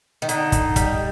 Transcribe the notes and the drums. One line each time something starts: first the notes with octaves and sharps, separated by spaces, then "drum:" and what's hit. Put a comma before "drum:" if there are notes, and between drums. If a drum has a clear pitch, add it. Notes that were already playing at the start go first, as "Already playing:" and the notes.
D#3
D3 D#4, drum: hi-hat
drum: kick, hi-hat
G3, drum: kick, hi-hat